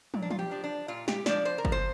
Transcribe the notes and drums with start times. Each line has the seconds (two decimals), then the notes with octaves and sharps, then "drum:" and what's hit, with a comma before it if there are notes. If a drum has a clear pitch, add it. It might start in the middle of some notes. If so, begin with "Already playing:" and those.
0.14 A#2, drum: tom
0.22 D4
0.30 F4, drum: tom
0.39 G4
0.51 F3 D4
0.64 D4
0.88 A#2 F4
1.08 G4, drum: snare
1.26 F3 D4 D5, drum: snare
1.45 C5
1.58 A#4
1.65 F3, drum: kick
1.72 C5